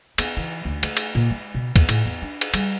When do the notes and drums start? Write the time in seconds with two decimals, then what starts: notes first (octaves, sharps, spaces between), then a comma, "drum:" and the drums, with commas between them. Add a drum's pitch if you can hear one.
0.18 B3, drum: cymbal
0.37 E3
0.65 D2
0.83 A3, drum: cymbal
0.97 drum: cymbal
1.15 A#2
1.31 G#3
1.55 B2
1.76 E2, drum: kick C#2, cymbal
1.89 A2, drum: cymbal
2.05 E2
2.22 D4
2.41 drum: cymbal
2.54 G3, drum: cymbal